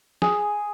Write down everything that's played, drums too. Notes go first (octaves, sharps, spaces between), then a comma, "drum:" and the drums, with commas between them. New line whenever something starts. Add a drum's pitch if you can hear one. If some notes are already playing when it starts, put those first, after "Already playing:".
G#4, drum: snare